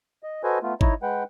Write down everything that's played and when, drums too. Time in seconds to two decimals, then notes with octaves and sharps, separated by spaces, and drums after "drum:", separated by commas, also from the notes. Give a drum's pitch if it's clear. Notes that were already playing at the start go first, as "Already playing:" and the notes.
0.23 D#5
0.43 F#4 A4 B4 C5 D#5 G#5
0.62 A3 B3 F4
0.81 D#4 E4 C#5 D#5, drum: kick G#1
1.02 G#3 B4 F#5 G5